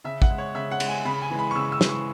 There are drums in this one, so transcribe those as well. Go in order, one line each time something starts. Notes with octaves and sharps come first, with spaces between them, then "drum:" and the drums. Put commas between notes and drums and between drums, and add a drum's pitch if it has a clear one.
C#3 E5
F#5, drum: kick
G#3
C#5
C#3 E5
F#5
G#3, drum: cymbal
G#5
C#3 B5
G#5
E3 G#3
B5
C#6
C#3 E6
E6
E3 G#3, drum: snare
C#6